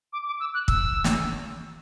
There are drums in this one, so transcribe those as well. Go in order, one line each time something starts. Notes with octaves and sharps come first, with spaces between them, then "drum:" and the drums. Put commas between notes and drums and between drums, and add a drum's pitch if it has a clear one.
D6
D6
E6
F#6
E6, drum: kick
drum: snare